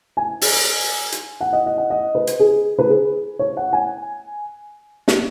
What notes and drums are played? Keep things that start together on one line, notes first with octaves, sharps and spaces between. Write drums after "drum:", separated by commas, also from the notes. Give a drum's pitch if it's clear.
G#5
drum: open hi-hat
drum: hi-hat
F#5
D#5
D#5
F#5
D#5
B4
drum: hi-hat
G#4
B4
G#4
C#5
F#5
G#5
drum: snare